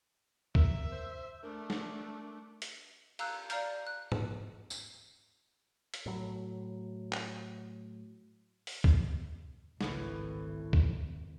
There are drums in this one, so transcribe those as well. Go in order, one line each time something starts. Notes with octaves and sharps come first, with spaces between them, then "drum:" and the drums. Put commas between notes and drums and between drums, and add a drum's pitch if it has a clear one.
A#4 E5, drum: kick C#2
C5
A3 D4 A#4
drum: snare
drum: hi-hat
F5 A#5 E6 F#6 G6, drum: cymbal
D5 F5 A#5 F6 G6, drum: hi-hat
F#6
drum: tom G#2
drum: tambourine
drum: hi-hat
A2 F#3
drum: clap
drum: open hi-hat
drum: kick C#2
G#1 C#2 A2 E3, drum: snare
drum: kick C#2